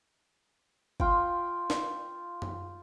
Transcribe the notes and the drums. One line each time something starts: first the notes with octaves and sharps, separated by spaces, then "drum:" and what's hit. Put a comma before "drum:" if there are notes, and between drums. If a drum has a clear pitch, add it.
F4 G5, drum: kick G1
drum: snare
drum: tom F#2